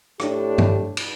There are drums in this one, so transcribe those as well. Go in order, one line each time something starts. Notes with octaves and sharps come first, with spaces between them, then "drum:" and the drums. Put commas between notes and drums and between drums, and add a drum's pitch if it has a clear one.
A2 D4 G4, drum: rim click
drum: tom G2
drum: cymbal